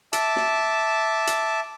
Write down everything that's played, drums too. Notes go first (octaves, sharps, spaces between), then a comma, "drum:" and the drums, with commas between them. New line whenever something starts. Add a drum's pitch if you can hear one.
E5 A5 D6, drum: hi-hat
drum: snare
drum: hi-hat